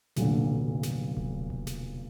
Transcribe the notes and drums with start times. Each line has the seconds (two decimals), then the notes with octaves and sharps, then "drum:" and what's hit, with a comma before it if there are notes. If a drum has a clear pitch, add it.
0.16 F1 B1 A#2 D3, drum: snare
0.83 drum: snare
1.17 drum: kick D1
1.50 drum: kick D1
1.67 drum: snare